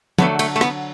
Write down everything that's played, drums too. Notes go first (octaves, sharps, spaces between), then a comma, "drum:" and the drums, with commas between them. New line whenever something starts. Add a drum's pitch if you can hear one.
D3 F#3 A3 B3, drum: tom
A3, drum: cymbal
A3
B3, drum: rim click